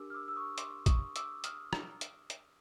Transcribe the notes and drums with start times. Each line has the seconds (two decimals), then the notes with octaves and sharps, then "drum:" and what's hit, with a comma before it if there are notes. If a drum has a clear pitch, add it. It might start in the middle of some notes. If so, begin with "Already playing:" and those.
Already playing: D4 G4 A#4 D6 E6
0.10 F6
0.14 D6 E6
0.28 E6
0.36 C#6 D#6
0.58 C6 D6, drum: hi-hat
0.86 C#6 D#6, drum: kick, hi-hat
1.16 D6 E6, drum: hi-hat
1.44 D#6 F6, drum: hi-hat
1.73 drum: rim click
2.01 drum: hi-hat
2.30 drum: hi-hat